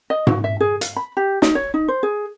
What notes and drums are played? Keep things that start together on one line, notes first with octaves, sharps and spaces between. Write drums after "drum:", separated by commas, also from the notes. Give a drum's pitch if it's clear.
D#5
F#4, drum: tom G#2
E5
G#4
F5, drum: hi-hat
B5
G4
D#4, drum: snare
C#5
D#4
C5
G#4